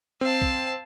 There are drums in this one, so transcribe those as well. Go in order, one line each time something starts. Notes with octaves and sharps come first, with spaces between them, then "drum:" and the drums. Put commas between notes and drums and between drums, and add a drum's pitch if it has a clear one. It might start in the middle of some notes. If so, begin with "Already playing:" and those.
C4 F5 A5
drum: kick